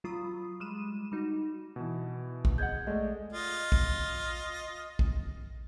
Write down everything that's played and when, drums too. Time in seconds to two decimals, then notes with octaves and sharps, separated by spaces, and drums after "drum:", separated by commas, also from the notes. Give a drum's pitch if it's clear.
0.04 F#3 F4 B5 D#6
0.60 G3 G#3 D#7 E7
1.12 G3 D#4 F#4
1.76 B2 E3
2.45 drum: kick
2.58 G#4 D#5 F#5 G6 G#6
2.87 G#3 A3 D5 D#5
3.33 F4 D#5
3.72 drum: kick
4.99 drum: kick